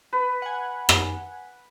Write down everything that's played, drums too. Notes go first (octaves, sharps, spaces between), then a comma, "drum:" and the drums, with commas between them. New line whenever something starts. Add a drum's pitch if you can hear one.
B4
F#5 G#5
drum: rim click